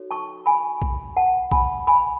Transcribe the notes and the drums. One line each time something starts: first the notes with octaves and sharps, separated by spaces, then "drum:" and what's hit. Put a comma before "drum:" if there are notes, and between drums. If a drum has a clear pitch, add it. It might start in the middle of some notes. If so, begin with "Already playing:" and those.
Already playing: D#4 F#4 A4 C#5
A5 C#6
G#5 B5
drum: kick A#1
F#5 A5
G#5 B5, drum: kick A#1
G#5 B5